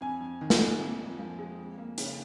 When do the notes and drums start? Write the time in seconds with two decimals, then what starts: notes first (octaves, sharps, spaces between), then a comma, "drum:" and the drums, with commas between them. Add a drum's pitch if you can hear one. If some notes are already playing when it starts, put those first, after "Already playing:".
0.01 F2 G#5
0.20 F2
0.41 D#3
0.50 drum: snare
0.61 A#3
0.79 F2
1.00 F2
1.19 F3
1.39 G#3
1.59 F2
1.78 A#3
1.98 C#3, drum: hi-hat